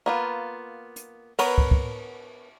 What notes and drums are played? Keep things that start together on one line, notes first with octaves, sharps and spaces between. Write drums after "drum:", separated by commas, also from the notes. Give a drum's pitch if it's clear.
A#3 B3 F4
drum: hi-hat
B3 A#4 B4 C#5, drum: cymbal
drum: kick
drum: kick